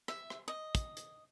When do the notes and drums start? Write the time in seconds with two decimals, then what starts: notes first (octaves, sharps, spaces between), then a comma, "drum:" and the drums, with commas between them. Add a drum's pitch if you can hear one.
0.08 E5, drum: rim click
0.30 drum: rim click
0.48 D#5
0.75 drum: kick, hi-hat
0.97 drum: hi-hat